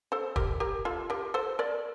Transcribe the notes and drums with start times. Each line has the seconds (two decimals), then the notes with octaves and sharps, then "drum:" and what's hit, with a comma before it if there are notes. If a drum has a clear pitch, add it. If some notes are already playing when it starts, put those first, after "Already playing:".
0.12 A4 C5
0.36 G4 A#4, drum: kick
0.60 G4 A#4
0.85 F4 A4
1.10 G4 A#4
1.34 A4 C5
1.59 A#4 D5